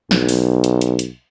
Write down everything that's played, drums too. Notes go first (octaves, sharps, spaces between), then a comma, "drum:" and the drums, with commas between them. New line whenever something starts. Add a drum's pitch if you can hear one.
B1, drum: snare
drum: open hi-hat
drum: hi-hat
drum: hi-hat
drum: hi-hat